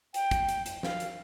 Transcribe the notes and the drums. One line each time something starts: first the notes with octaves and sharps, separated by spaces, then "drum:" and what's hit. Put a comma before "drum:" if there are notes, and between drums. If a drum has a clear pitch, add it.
G5, drum: hi-hat
drum: kick, hi-hat
drum: hi-hat
drum: hi-hat
F5, drum: snare
drum: hi-hat